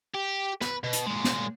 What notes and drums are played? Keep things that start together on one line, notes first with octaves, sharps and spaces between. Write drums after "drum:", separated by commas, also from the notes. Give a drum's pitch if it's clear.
G4
B4, drum: snare
B2
drum: hi-hat
A#2 G#3
drum: snare